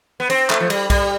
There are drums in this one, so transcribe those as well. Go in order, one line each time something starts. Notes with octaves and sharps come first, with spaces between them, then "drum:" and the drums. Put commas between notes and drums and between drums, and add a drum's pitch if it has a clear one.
B3
C4, drum: cymbal
A3, drum: clap
F3
G3, drum: cymbal
G3, drum: kick B1, cymbal